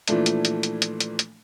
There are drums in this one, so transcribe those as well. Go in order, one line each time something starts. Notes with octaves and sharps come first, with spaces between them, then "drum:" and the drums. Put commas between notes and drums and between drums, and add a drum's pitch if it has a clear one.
A#2 E3 F3 A3 D4, drum: hi-hat
drum: hi-hat
drum: hi-hat
drum: hi-hat
drum: hi-hat
drum: hi-hat
drum: hi-hat